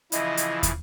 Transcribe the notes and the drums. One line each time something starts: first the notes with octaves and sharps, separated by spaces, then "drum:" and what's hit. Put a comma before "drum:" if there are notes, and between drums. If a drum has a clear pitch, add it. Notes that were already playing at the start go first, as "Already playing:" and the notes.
C#3 E3 F3 E4 D#5, drum: hi-hat
drum: hi-hat
drum: kick, hi-hat